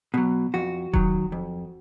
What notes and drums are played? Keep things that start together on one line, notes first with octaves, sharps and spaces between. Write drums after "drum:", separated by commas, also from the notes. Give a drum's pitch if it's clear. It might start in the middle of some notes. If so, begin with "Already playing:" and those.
B2 F#3
F2 F#4
D#3 F#3, drum: kick E1
F2